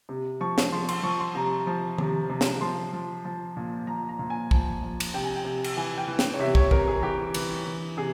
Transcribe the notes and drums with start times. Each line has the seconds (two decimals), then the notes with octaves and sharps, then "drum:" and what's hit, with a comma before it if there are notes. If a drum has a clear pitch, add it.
0.09 C3
0.40 F3 C#6
0.58 drum: snare
0.72 F3 C6
0.88 C6, drum: cymbal
1.03 F3 C#6
1.20 C6
1.35 C3 A#5
1.67 F3
1.98 C3, drum: tom D#3
2.30 C3
2.41 drum: snare
2.61 F3 C6
2.93 F3
3.25 F3
3.57 A#2
3.87 F3 A#5
4.09 A#5
4.19 A#2
4.30 G#5
4.51 F3, drum: kick
4.83 F3
5.00 drum: cymbal
5.14 C3 G5
5.24 G#5
5.36 G5
5.45 C3
5.64 drum: cymbal
5.77 E3 G#5
5.98 G5
6.08 E3
6.19 G5, drum: snare
6.34 C#5
6.39 C3 E5
6.55 C#5, drum: kick
6.71 C3 A#4, drum: kick
6.88 G#4
7.02 E3 G4
7.34 E3, drum: cymbal
7.66 E3
7.97 C3 G#4